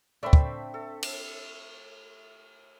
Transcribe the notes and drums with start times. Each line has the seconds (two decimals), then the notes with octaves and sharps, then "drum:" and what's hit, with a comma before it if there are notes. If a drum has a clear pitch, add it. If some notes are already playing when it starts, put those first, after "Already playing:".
0.23 A3 C4 D4 E5 B5
0.33 drum: kick
0.74 A4
1.03 drum: cymbal